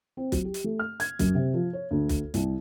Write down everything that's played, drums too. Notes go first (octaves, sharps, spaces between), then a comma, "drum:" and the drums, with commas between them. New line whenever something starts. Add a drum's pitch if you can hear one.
C4
F#3, drum: kick, hi-hat
G4
drum: hi-hat
A3
F6
G#6, drum: hi-hat
F#2, drum: kick, hi-hat
C3
F3
C#5
D2
drum: kick, hi-hat
C2, drum: hi-hat